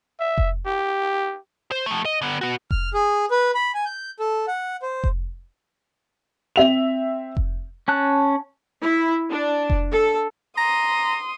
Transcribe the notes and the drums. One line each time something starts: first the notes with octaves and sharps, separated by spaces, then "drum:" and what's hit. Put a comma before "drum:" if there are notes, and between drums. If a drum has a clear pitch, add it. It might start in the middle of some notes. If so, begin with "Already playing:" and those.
E5
drum: kick F1
G4
C5
F3 A3
D#5
D3 B3
B3 F#4
F6, drum: kick F1
G#4
B4
B5
G#5
G6
A4
F#5
C5
drum: kick F1
C4 E5 F7
drum: kick F1
C#4 A5 F#6
E4
D4
drum: kick F1
A4
A#5 C6 D#6